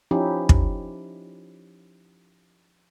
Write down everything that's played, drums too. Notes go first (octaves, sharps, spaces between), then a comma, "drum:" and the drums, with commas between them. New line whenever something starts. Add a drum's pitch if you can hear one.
F3 C#4 D#4 E4 G4
drum: kick